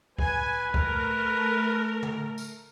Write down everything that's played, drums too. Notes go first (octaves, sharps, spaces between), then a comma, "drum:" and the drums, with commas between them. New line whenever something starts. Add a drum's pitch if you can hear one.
B4 G#5, drum: kick C#2
A3 A#4, drum: kick C#2
drum: tom
drum: tambourine